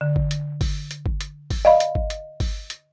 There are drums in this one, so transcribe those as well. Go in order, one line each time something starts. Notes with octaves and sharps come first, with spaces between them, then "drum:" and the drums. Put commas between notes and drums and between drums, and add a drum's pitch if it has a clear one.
D3
drum: kick G1
drum: hi-hat
drum: kick G1, open hi-hat
drum: hi-hat
drum: kick G1
drum: hi-hat
drum: kick G1, open hi-hat
D5 D#5 F5 B5
drum: hi-hat
drum: kick G1
drum: hi-hat
drum: kick G1, open hi-hat
drum: hi-hat